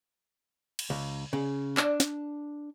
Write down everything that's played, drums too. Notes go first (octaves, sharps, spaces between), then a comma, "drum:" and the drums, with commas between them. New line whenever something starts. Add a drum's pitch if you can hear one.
drum: cymbal
C#2
C#3
D4, drum: clap
drum: snare